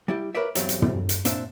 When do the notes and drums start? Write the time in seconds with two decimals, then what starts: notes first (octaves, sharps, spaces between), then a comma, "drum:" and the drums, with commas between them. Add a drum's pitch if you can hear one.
0.08 G3 E4 G4
0.35 A#4 B4 C#5 D5 E5
0.55 E2 G2 F#3 G3 C4 E5, drum: hi-hat
0.69 drum: hi-hat
0.82 drum: tom
1.09 drum: hi-hat
1.25 A#2 C4 D4 E5, drum: hi-hat